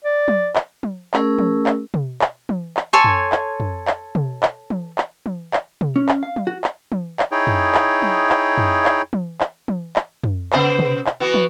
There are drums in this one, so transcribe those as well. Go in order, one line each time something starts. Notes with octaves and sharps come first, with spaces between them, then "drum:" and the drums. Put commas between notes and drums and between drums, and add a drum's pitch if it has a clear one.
D5
drum: tom
drum: clap
drum: tom
A3 C#4 G#4 A#4 E6, drum: clap
drum: tom
drum: clap
drum: tom
drum: clap
drum: tom
drum: clap
A4 C#5 G#5 C6
drum: tom
drum: clap
drum: tom
drum: clap
drum: tom
drum: clap
drum: tom
drum: clap
drum: tom
drum: clap
drum: tom
C#4
drum: clap
F5
drum: tom
F#4
drum: clap
drum: tom
drum: clap
D#4 E4 G#4 C#5 G5
drum: tom
drum: clap
drum: tom
drum: clap
drum: tom
drum: clap
drum: tom
drum: clap
drum: tom
drum: clap
drum: tom
C#3 B3 C5, drum: clap
drum: tom
drum: clap
E3 B3 F#4
drum: tom